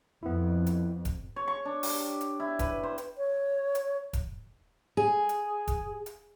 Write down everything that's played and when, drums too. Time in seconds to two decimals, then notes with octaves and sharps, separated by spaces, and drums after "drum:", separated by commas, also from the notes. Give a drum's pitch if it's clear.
0.23 F2 B3 E4
0.67 drum: hi-hat
1.05 drum: kick E1, hi-hat
1.36 C#5
1.48 C#6
1.65 D4
1.83 G4, drum: open hi-hat
2.21 drum: hi-hat
2.40 E4
2.59 B4, drum: kick E1, hi-hat
2.83 C5
2.98 drum: hi-hat
3.18 C#5
3.75 drum: hi-hat
4.13 drum: kick E1, hi-hat
4.97 G#4
5.29 drum: hi-hat
5.68 drum: kick E1, hi-hat
6.06 drum: hi-hat